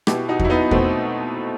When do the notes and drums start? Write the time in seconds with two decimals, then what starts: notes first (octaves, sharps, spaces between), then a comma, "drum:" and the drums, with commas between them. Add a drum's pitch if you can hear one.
0.07 B2 E4 G4, drum: rim click
0.28 D#4 F#4
0.40 F#3, drum: kick E2
0.45 E4
0.50 B3 D#4
0.71 B2 A3 C4, drum: kick E2